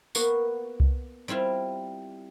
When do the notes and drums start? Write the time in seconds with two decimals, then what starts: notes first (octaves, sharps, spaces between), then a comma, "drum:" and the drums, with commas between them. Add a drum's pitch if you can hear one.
0.15 A#3 B3 F#4, drum: tambourine
0.80 drum: kick C2
1.28 G3 C4 E4 F4